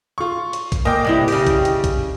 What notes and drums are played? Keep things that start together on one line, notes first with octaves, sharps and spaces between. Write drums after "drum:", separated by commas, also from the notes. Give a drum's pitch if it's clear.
F4 C#6
drum: hi-hat
drum: kick A#1, hi-hat
A#3 D#5 G5 D6
G2 C3 E4
C#3 G4, drum: open hi-hat
drum: kick A#1, hi-hat
drum: hi-hat
drum: kick A#1, hi-hat